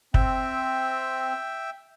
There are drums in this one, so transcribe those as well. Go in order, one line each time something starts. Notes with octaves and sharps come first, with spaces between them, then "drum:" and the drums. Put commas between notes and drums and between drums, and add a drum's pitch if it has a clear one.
C4 E5 G5, drum: kick